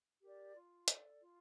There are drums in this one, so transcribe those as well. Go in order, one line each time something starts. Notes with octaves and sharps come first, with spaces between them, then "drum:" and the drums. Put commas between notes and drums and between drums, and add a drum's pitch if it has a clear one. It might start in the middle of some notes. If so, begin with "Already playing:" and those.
G4 A#4 D5
F4
A4 D5, drum: hi-hat
F4